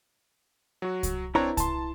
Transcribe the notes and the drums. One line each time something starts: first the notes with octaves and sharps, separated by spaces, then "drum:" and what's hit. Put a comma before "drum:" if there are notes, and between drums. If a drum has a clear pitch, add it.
F#3 F#4
drum: kick C2, hi-hat
C4 D4 E4 B4 C#5 A#5
A5 C6, drum: kick C2, hi-hat